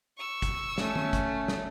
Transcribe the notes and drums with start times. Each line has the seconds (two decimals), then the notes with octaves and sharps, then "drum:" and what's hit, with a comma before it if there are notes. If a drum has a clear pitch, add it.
0.18 C#6 E6
0.42 drum: kick G1, hi-hat
0.78 A3 C#4, drum: snare
0.95 drum: tom
1.13 drum: kick G1, hi-hat
1.48 drum: snare